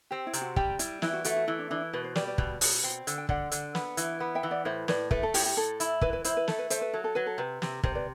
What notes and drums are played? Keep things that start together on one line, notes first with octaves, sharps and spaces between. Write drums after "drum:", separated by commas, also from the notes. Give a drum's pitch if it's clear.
C4 G4
E4
C3, drum: hi-hat
F#4
G3 G4, drum: kick
G3 E4, drum: hi-hat
E3 E4, drum: snare
F#4
A3 F#4, drum: hi-hat
F#4
E3 E4
D4
E3 D4
E4
B2 B4
C5
G3 B4 D5, drum: snare
B4 D5
B2, drum: kick
B2, drum: open hi-hat
C4
D3, drum: hi-hat
G5
D3 D5 F#5, drum: kick
D3, drum: hi-hat
B3, drum: snare
E3, drum: hi-hat
B3
E5 G5
E3
D5 F#5
A2 C5 E5
A2 B4 D5, drum: snare
A3 B4, drum: kick
A4
A2 G4, drum: open hi-hat
G4
A2 A4
E4, drum: hi-hat
E3 B4, drum: kick
B4
E4 C5, drum: hi-hat
B4
A3 A4, drum: snare
B4
A3 C5, drum: hi-hat
B4
F#3 A4
A4
F#3 B4
A4
C3 B4
C3, drum: snare
C3 C5, drum: kick
B4 D5